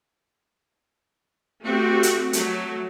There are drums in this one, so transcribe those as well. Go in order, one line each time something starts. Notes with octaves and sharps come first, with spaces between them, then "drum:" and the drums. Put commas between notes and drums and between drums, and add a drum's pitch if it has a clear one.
A3 C4 F#4 G4
drum: hi-hat
F#3 A3, drum: hi-hat